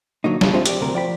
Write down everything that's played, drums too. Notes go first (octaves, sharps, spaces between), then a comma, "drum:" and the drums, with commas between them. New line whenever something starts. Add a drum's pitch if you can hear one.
D3 F#3 A#3 D#4
C#3 G#3 A3 F4, drum: snare
F3 G3 G#3 C4 E4 F4
G4 D5, drum: hi-hat
D2 C3 A#4
F3 D5 G5 B5